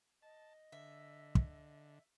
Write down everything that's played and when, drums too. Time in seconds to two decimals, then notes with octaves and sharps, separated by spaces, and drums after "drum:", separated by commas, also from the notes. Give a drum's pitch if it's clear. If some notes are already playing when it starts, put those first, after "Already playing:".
0.22 D#5 A5
0.72 D3 E5
1.35 drum: kick